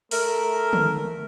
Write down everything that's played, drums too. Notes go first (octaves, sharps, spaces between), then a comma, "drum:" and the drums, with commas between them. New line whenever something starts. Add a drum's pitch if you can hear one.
A3 A#4, drum: open hi-hat
drum: tom D3